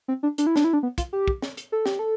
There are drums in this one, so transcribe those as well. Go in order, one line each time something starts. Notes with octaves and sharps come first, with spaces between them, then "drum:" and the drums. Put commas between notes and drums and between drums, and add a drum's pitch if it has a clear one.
C4
D4
D4, drum: hi-hat
E4
D4, drum: snare
E4
D4
B3
F4, drum: kick, hi-hat
G4
drum: kick
drum: snare
drum: hi-hat
A4
G4, drum: snare
A4